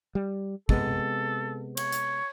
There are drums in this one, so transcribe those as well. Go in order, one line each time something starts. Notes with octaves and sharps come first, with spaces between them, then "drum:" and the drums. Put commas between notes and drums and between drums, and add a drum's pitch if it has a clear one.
G3
C3 G#3 B3 A4, drum: kick
C#5, drum: cymbal
drum: hi-hat